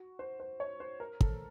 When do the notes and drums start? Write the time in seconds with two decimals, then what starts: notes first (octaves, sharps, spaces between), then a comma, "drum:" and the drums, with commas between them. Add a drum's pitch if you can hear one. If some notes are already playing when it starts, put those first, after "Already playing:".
Already playing: F#4
0.19 C5
0.40 C5
0.60 C#5
0.80 C5
1.00 A#4
1.21 A4, drum: kick